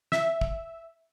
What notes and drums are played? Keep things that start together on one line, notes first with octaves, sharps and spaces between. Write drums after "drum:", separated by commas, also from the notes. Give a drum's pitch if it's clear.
E5, drum: snare
drum: kick